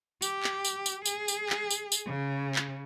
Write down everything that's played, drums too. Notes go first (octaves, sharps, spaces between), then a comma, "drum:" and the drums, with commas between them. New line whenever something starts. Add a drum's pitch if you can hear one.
G4, drum: tambourine
drum: clap
drum: tambourine
drum: tambourine
G#4, drum: tambourine
drum: tambourine
drum: clap
drum: tambourine
drum: tambourine
C#3
drum: clap